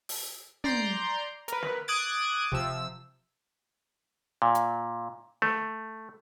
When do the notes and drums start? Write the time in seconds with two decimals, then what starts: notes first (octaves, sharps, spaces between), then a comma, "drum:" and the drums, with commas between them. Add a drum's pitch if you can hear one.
0.09 drum: open hi-hat
0.64 D5 A#5 C6 G6, drum: tom
1.48 A#4 B4, drum: hi-hat
1.62 drum: snare
1.88 D6 D#6 F#6 G#6 A6 D7
2.52 C3 F3 E6, drum: kick
4.42 A#2
4.55 drum: hi-hat
5.42 A3, drum: snare